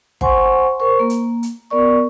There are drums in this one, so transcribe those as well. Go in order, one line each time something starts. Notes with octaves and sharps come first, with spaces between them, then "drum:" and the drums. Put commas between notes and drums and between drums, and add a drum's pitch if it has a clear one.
C5 F#5 G#5 C6 C#6, drum: kick
A#4 C5 C#6
A#3
drum: hi-hat
drum: hi-hat
B3 A#4 D5 C#6